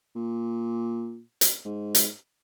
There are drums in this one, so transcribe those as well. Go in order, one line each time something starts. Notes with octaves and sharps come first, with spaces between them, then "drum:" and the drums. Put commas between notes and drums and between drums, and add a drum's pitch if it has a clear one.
A#2
drum: hi-hat
G#2
drum: hi-hat